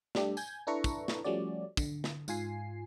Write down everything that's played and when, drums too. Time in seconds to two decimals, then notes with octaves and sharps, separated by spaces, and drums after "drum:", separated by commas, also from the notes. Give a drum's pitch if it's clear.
0.15 G3 A3 D4 G4 A4, drum: snare
0.37 G#5 G6 G#6, drum: tambourine
0.67 D4 E4 A4 B4 A#5 C#6
0.84 drum: kick, tambourine
1.08 drum: snare
1.24 F3 G3 A3 C#4 F#4 D5
1.77 D3, drum: kick, tambourine
2.04 drum: snare
2.28 G#2 F4 G#5 C7, drum: tambourine